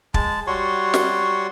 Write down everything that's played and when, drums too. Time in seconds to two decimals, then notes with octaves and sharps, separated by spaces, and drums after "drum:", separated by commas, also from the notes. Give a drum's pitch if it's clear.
0.14 G#3 A5, drum: kick
0.47 G3 F#4 C#5 C6
0.94 drum: snare